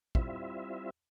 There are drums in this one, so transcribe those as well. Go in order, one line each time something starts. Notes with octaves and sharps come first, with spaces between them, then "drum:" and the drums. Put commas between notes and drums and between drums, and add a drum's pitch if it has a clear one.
G3 C4 E4 F4 E5, drum: kick